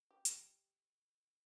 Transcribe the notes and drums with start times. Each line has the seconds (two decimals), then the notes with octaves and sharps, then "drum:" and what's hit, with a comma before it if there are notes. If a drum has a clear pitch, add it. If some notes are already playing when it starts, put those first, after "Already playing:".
0.11 G4
0.25 drum: hi-hat